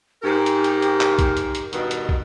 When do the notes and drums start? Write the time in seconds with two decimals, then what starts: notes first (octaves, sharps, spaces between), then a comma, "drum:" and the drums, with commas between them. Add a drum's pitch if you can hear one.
0.23 G#2 G4 A#4
0.46 drum: hi-hat
0.64 drum: hi-hat
0.82 drum: hi-hat
1.01 drum: clap
1.19 drum: kick, hi-hat
1.37 drum: hi-hat
1.55 drum: hi-hat
1.73 G2 B2 D#3, drum: hi-hat
1.91 drum: hi-hat
2.09 drum: kick